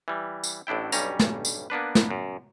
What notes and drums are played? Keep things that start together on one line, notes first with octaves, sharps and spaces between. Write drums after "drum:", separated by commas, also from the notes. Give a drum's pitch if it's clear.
E3 G3
drum: tambourine
A1 A2 D4 E4 G5
B1 G2 G3 C#4 A#5, drum: tambourine
drum: snare
drum: tambourine
A#3 B3 D4 B4
drum: snare
F#2